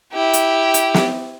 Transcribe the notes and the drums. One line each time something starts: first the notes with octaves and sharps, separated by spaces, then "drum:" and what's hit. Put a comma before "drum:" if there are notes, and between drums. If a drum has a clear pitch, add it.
E4 G4
drum: hi-hat
drum: hi-hat
drum: snare